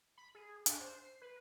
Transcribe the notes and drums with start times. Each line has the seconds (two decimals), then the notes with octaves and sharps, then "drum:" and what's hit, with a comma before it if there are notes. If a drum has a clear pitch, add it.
0.18 B5
0.35 G#4
0.66 D4, drum: hi-hat
0.80 C5
1.05 C7
1.22 B4